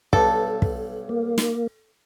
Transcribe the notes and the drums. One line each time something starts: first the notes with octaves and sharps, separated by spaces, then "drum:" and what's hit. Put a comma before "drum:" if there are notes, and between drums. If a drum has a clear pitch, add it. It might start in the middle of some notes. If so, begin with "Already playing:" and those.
B1 G2 A4 D6, drum: kick
drum: kick
A#3
drum: snare